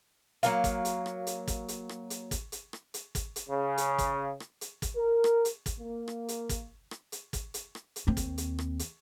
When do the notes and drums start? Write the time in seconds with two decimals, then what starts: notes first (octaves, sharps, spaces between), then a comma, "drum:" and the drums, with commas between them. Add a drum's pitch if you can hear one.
0.43 F#3 A#3 F5, drum: hi-hat
0.64 drum: kick, hi-hat
0.85 drum: hi-hat
1.06 drum: rim click
1.27 drum: hi-hat
1.48 drum: kick, hi-hat
1.68 drum: hi-hat
1.89 drum: rim click
2.10 drum: hi-hat
2.31 drum: kick, hi-hat
2.52 drum: hi-hat
2.73 drum: rim click
2.94 drum: hi-hat
3.15 drum: kick, hi-hat
3.36 drum: hi-hat
3.50 C#3
3.78 drum: hi-hat
3.98 drum: kick, hi-hat
4.40 drum: rim click
4.61 drum: hi-hat
4.82 drum: kick, hi-hat
4.96 A#4
5.24 drum: rim click
5.45 drum: hi-hat
5.66 drum: kick, hi-hat
5.80 A#3
6.08 drum: rim click
6.28 drum: hi-hat
6.49 drum: kick, hi-hat
6.91 drum: rim click
7.12 drum: hi-hat
7.33 drum: kick, hi-hat
7.54 drum: hi-hat
7.75 drum: rim click
7.96 drum: hi-hat
8.07 D#2 C4
8.17 drum: kick, hi-hat
8.38 drum: hi-hat
8.59 drum: rim click
8.79 drum: hi-hat